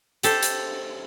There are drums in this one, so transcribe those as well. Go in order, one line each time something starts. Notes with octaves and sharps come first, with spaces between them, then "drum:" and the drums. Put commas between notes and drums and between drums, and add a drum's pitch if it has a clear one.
G4 A4 C5, drum: hi-hat
drum: hi-hat